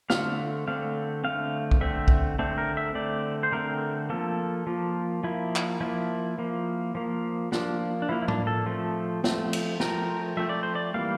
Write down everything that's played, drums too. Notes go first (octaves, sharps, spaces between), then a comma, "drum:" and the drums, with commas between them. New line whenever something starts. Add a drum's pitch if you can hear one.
D3 A3 C4 F5, drum: snare
D3 A3 C4 F5
D3 A3 C4 F5
drum: kick
D3 A3 C4 E5
drum: kick
D3 A3 C4
A#4
E5
D3 A3 C4 D5
C5
D3 A3 C4 A#4
F3 A#3 A4
F3 A#3
F3 A#3 E4
drum: clap
F3 A#3 E4
F3 A#3
F3 A#3
F3 A#3 D4, drum: snare
D4
F3 A#3 E4
E4
D4, drum: tom A2
A4
F3 A3 C4
F3 A3 C4, drum: snare
drum: cymbal
F3 A3 C4 A#4, drum: snare
F3 A3 C4 E5
D5
C5
D5
E3 G3 A#3 F5